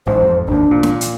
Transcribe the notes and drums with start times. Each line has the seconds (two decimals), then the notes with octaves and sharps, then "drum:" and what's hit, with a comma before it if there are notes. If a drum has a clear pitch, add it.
0.07 A1 G#2 C5
0.22 F2
0.48 G#1 D#2 D4
0.71 A#2
0.83 drum: snare
1.01 drum: hi-hat